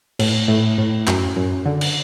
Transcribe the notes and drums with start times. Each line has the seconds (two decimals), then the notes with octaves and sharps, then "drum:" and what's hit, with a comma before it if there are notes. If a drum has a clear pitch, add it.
0.19 A2, drum: cymbal
0.48 A2
0.78 A2
1.07 F#2, drum: clap
1.36 F#2
1.66 D3
1.81 drum: cymbal